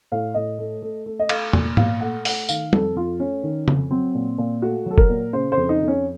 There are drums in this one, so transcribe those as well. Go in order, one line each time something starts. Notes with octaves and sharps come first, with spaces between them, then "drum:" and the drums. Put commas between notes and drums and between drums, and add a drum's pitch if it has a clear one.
A2 F5
A2 D#5
A3
A3
A3
D#5
A3 F5, drum: cymbal
A#2, drum: tom E2
A#2 F5, drum: tom G#2
A3 F#5
A3 F#5, drum: open hi-hat
D#3 F5, drum: tambourine
F2 A4, drum: tom
F2 F4
A3 C#4
D#3
F2, drum: tom C#3
F#3 C4
A#2
A#2
A3 F#4
F#3 A4
A#4, drum: kick
A#2
C#3 C5
C5
F2
D#4
F2
C#4